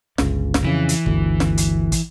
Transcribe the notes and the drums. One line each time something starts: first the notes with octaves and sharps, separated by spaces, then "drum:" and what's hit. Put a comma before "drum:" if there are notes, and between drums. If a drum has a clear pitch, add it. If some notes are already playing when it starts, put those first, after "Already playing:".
G1 C#2 C#3, drum: snare
drum: snare
F2 C#3 E3
drum: hi-hat
G1 D2, drum: kick
drum: snare
drum: hi-hat
drum: kick, hi-hat